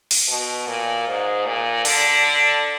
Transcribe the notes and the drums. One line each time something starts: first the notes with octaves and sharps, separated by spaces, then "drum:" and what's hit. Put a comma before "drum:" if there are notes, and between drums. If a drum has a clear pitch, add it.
drum: open hi-hat
B2
A#2
G#2
A#2
D3, drum: open hi-hat